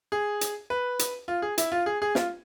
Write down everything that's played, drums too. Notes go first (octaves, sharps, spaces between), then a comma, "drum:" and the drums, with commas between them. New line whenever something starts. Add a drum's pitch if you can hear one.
G#4
drum: hi-hat
B4
drum: hi-hat
F4
G#4
E4, drum: hi-hat
F4
G#4
G#4
F4, drum: snare